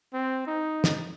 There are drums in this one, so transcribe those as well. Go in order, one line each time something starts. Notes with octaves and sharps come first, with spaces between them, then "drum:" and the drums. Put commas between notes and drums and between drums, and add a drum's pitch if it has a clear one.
C4
D#4
drum: snare